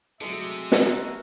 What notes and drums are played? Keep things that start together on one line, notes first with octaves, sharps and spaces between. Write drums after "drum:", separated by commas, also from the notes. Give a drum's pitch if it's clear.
C3 F#3 G#3 A3 A4 E5
drum: snare
F#4 A#4